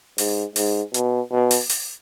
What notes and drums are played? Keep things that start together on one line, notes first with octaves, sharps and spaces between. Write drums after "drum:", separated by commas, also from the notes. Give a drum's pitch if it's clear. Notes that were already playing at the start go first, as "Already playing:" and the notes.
G#2, drum: open hi-hat
G#2, drum: open hi-hat
B2, drum: hi-hat
B2
drum: open hi-hat
drum: open hi-hat